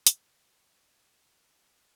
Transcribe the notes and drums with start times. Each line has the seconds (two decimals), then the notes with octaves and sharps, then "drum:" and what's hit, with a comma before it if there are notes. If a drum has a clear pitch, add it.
0.07 D#2 G#2 F3, drum: hi-hat